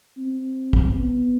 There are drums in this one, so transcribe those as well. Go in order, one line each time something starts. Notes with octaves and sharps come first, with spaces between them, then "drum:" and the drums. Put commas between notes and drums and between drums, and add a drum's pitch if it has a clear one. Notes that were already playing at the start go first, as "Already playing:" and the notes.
C4
drum: kick
B3